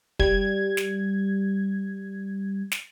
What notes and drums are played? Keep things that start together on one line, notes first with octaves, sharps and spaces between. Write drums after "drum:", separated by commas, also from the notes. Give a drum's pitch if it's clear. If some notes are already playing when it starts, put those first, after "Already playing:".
G3 G#6, drum: kick
drum: snare
drum: snare